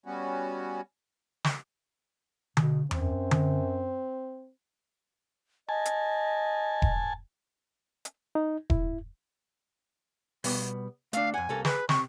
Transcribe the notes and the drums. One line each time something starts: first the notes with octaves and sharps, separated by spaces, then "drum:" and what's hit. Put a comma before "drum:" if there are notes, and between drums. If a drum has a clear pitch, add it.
G3 B3 C#4 F#4
drum: snare
B2, drum: tom D3
F#2 C4, drum: tom E2
drum: tom D3
D#5 G#5 A5
drum: hi-hat
drum: kick E1
drum: hi-hat
D#4
E4, drum: kick E1
B2 G3 B3, drum: open hi-hat
A3 D4 F5, drum: hi-hat
F2 F#5 G#5
C2 A#3 A4
G#4 B4, drum: snare
C3 C#6, drum: snare